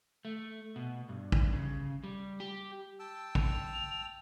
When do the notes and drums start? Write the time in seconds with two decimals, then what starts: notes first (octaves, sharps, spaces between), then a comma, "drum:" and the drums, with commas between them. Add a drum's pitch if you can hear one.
0.25 A3
0.76 B2
1.09 G2
1.32 drum: kick
1.53 C#3
2.04 G3
2.40 G4
2.99 G5 A5 E6
3.35 F7, drum: kick